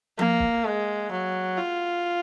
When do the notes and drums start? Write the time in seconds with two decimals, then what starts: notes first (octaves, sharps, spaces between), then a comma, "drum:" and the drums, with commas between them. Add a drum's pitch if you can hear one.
0.19 A#3, drum: tom F3
0.39 drum: kick
0.65 G#3
1.11 F#3
1.58 F4